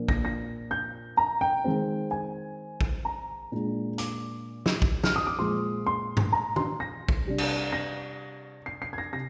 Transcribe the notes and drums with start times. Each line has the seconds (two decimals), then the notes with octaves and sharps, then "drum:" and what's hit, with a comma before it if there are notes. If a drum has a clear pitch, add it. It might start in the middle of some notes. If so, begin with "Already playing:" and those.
Already playing: A#2 F3 A#3 D4
0.09 A#6, drum: kick A#1
0.25 A#6
0.71 G6
1.17 A#5
1.41 G5
1.64 D#3 G#3 C4
2.11 G#5
2.81 drum: kick A#1
3.05 A#5
3.52 A#2 G#3 D4
3.98 D6, drum: hi-hat
4.66 drum: snare
4.82 drum: kick A#1
5.04 F6, drum: snare
5.16 D#6
5.27 D6
5.39 A#2 F3 G#3 C6
5.87 C6
6.17 drum: tom G2
6.33 A#5
6.56 C6, drum: tom
6.80 A#6
7.09 drum: kick A#1
7.26 C3 G3 D4
7.38 drum: cymbal
7.72 A#6
8.66 C7
8.82 C7
8.93 G#6
8.98 A#6
9.13 C3 A#6